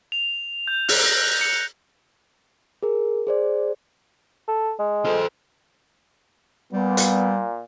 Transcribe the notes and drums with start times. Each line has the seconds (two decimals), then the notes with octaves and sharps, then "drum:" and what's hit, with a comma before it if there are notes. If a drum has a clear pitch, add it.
0.12 F7
0.67 G6
0.89 F#6, drum: open hi-hat
1.06 A#6
1.28 G6
1.41 C#7
2.83 G#4 A#4
3.27 G#4 C5 D5
4.48 A4
4.79 G#3
5.05 A4 C5
6.73 A#2 G3 B3
6.97 drum: hi-hat